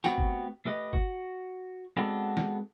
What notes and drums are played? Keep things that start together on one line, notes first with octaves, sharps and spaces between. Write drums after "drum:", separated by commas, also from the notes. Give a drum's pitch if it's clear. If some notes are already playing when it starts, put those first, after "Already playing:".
A3 B3 C4 F#4 G4, drum: tambourine
drum: kick G1
A3 G4 B4 D#5
F#4, drum: kick G1
G#3 B3 C4 D4 F#4 A4
drum: snare